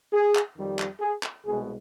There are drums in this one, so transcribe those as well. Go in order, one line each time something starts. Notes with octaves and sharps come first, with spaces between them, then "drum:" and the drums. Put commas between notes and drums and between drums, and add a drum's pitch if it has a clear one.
G#4
drum: clap
F2 D#3 G3
drum: clap
G#4
drum: clap
C2 B2 G#3 G#4